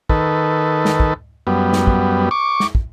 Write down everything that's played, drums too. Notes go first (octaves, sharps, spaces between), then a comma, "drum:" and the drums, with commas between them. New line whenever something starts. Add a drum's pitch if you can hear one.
D#3 A4 B4, drum: kick
drum: snare
drum: kick
F#2 G3 B3
drum: snare
drum: kick
C#6 D6
drum: snare
drum: kick